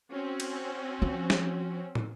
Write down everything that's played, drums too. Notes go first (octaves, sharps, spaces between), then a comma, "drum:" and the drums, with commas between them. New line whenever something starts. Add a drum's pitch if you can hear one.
C4 C#4 F#4
drum: cymbal
F3
drum: snare
drum: tom